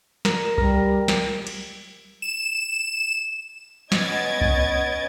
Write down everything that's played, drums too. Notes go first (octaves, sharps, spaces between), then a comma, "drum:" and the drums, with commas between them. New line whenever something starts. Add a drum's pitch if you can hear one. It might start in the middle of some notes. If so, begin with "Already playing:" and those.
A#4, drum: snare
G3 A#4, drum: kick C2
drum: snare
drum: cymbal
E7
B3 C#4 D#5 G#6 A6 D7, drum: snare
drum: kick C2